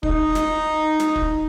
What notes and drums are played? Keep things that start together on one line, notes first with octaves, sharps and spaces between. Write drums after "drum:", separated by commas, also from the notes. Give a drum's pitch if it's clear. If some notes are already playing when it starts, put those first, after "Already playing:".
D#4, drum: kick
drum: snare
drum: snare
drum: kick